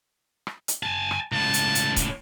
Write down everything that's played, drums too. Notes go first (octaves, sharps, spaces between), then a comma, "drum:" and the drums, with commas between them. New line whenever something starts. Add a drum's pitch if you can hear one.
drum: rim click
drum: hi-hat
G#5 A5
drum: rim click
C#2 A2 A5
drum: hi-hat
drum: hi-hat
drum: kick C#1, hi-hat